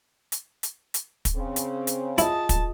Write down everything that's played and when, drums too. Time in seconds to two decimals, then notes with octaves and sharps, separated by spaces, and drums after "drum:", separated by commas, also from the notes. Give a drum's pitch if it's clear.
0.32 drum: hi-hat
0.63 drum: hi-hat
0.94 drum: hi-hat
1.25 drum: kick, hi-hat
1.36 C#3 C4
1.56 drum: hi-hat
1.87 drum: hi-hat
2.18 E4 F4 G#4 D#5 A5, drum: hi-hat
2.49 drum: kick, hi-hat